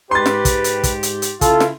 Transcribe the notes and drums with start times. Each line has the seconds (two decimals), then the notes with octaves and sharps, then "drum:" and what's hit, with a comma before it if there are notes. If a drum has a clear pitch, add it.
0.11 G#2 G4 B4 C6 A6
0.26 drum: snare
0.45 drum: kick, hi-hat
0.64 drum: hi-hat
0.83 drum: kick, hi-hat
1.03 drum: hi-hat
1.22 drum: hi-hat
1.41 C#3 E4 F4 A4, drum: kick, hi-hat
1.61 drum: snare